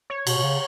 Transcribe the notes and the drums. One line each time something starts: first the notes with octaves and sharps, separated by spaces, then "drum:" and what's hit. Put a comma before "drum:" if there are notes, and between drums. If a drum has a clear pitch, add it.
C#5
B2, drum: cymbal
B2
C#3